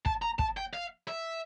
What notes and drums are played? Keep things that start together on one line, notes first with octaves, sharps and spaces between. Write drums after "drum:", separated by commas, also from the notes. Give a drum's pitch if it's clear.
A5, drum: kick
A#5
A5, drum: kick
G5
F5
E5